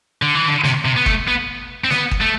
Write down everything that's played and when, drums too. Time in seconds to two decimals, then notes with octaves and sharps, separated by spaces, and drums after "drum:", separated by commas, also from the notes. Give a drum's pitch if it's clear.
0.22 D3
0.35 E3
0.48 D3
0.64 C3, drum: snare
0.85 C3
0.96 B3
1.06 A3, drum: kick
1.28 B3
1.84 C4
1.90 B3, drum: snare
2.11 drum: kick
2.21 A3